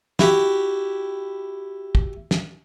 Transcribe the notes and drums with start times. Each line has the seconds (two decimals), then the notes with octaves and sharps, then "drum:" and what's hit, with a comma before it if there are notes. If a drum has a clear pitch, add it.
0.19 E4 F#4 G4, drum: snare
1.95 drum: kick
2.31 drum: snare